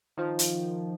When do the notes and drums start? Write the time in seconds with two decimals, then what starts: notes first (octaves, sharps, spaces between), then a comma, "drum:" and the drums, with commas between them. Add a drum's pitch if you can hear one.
0.17 D#3 F3
0.39 drum: hi-hat